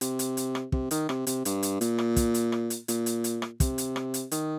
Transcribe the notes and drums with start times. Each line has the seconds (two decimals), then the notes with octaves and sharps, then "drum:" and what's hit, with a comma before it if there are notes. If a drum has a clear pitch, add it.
0.01 C3, drum: hi-hat
0.19 drum: hi-hat
0.37 drum: hi-hat
0.55 drum: rim click
0.72 C3, drum: kick
0.91 D#3, drum: hi-hat
1.09 C3, drum: rim click
1.27 C3, drum: hi-hat
1.45 G2, drum: hi-hat
1.63 drum: hi-hat
1.81 A#2, drum: hi-hat
1.98 drum: rim click
2.16 drum: kick, hi-hat
2.34 drum: hi-hat
2.52 drum: rim click
2.70 drum: hi-hat
2.88 A#2, drum: hi-hat
3.06 drum: hi-hat
3.24 drum: hi-hat
3.42 drum: rim click
3.60 C3, drum: kick, hi-hat
3.78 drum: hi-hat
3.96 drum: rim click
4.14 drum: hi-hat
4.31 D#3, drum: hi-hat